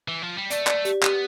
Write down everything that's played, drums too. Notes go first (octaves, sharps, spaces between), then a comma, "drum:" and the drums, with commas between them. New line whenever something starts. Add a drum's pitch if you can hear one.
E3
F3
G3
A3 D5, drum: hi-hat
D5, drum: clap
G4, drum: hi-hat
B3 G4, drum: clap